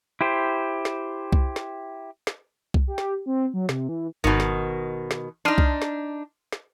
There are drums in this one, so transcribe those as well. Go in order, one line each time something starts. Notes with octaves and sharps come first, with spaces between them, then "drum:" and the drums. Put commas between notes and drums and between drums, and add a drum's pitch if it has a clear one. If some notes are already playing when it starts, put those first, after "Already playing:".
E4 G4 C5
drum: snare
drum: kick C2
drum: snare
drum: snare
drum: kick C2
G4
drum: snare
C4
F#3
C3, drum: snare
E3
G#1 B2 D#3 C#7
drum: snare
drum: snare
D4 D#4 C6 D#6 F6
drum: kick C2
drum: snare
drum: snare